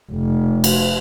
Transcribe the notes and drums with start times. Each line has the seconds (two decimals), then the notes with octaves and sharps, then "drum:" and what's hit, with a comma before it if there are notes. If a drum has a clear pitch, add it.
0.12 F1
0.64 drum: cymbal